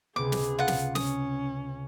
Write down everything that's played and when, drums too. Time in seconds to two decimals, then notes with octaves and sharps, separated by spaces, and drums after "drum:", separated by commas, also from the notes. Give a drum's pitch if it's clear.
0.16 C#2 C3 B3 G#4 D6
0.32 drum: snare
0.59 F4 F#5
0.68 drum: snare
0.95 C#4 D#6, drum: snare